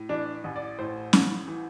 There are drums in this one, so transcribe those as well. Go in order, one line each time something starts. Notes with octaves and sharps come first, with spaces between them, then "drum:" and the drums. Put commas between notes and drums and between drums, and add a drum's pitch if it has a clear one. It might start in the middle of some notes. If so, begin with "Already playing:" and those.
Already playing: A2
E3 D4
A1
D5
A2 C5
A1, drum: snare
E3